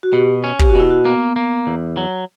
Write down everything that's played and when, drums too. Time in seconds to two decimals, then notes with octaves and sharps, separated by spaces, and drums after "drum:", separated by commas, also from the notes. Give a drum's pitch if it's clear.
0.03 F#4
0.12 B2 G4
0.44 C#4
0.59 G4, drum: kick
0.69 F#4
0.75 B2 E4
0.91 F#4
1.05 A#3 B3
1.36 A#3
1.67 E2
1.97 F#3